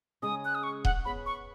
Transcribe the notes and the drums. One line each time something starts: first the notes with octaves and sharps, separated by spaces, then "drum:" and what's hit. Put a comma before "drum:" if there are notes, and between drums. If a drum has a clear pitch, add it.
C#3 G#3 C#4 G#4 D#5 D#6
F#6
D#6
C#6
F#5, drum: kick D#1
B3 G#4 C#5 B5
C#6